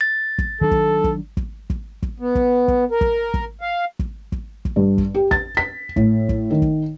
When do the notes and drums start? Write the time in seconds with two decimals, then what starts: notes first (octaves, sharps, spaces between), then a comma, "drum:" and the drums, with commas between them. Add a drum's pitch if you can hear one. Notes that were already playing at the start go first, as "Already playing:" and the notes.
0.01 A6
0.38 drum: kick
0.61 D#3 F#3 D4 A4
0.71 drum: kick
1.04 drum: kick
1.37 drum: kick
1.70 drum: kick
2.03 drum: kick
2.20 B3
2.35 drum: kick
2.68 drum: kick
2.91 A#4
3.01 drum: kick
3.34 drum: kick
3.61 F5
3.99 drum: kick
4.32 drum: kick
4.65 drum: kick
4.76 G2
4.98 drum: kick
5.14 G4
5.31 A6, drum: kick
5.57 B6
5.96 A2, drum: kick
6.29 drum: kick
6.51 D#3
6.62 drum: kick